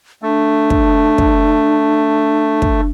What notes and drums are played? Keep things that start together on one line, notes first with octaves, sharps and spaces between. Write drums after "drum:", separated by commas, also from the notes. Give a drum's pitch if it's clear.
A3 D4
drum: kick
drum: kick
drum: kick